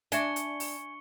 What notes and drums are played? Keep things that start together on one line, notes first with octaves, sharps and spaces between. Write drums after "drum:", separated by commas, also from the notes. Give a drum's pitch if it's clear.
D4 D5 E5 G#5 C#6 C#7 G7, drum: hi-hat
drum: hi-hat
drum: open hi-hat